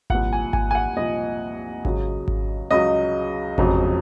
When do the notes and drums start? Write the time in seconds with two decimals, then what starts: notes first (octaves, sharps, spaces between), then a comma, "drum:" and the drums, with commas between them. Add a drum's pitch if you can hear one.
0.10 C2 A#2 F3 F#5, drum: kick G#1
0.33 G#5
0.53 G#5, drum: kick G#1
0.71 G#5
0.75 F#5
0.97 C2 A#2 F3 D#5
1.85 C#2 C#3 F#3, drum: kick G#1
2.28 drum: kick G#1
2.71 C#2 C#3 F#3 D#5
3.58 F1 F2 C#3 F#3, drum: kick G#1